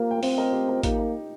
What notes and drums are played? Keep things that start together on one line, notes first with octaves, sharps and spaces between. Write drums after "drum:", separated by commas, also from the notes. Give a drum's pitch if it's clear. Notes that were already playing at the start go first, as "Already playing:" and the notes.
Already playing: A#3 F4 G4 A#4 C5
G5
C4 C5 F5, drum: open hi-hat
A#4 D#5
G4 C5
F4 A#4
A#3 D#4 G4, drum: kick, hi-hat
D#4